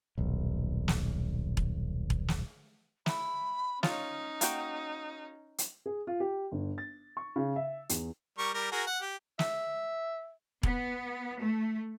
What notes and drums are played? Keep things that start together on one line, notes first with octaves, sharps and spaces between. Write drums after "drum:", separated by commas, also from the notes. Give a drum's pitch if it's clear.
D#1 B1
drum: snare
drum: kick E1
drum: kick E1
drum: snare
E4 B5, drum: snare
C#4 D#4 F4 C#5 D#6, drum: snare
A#3 F#4 G5, drum: hi-hat
drum: hi-hat
G#4
F4
G4
G1
A6
C#6
C#3
E5
E2, drum: hi-hat
G3 A#4 C#6
G3 A#4
F#4 G#4 A#4
F#5
G4
E5, drum: snare
B3, drum: kick E1
A3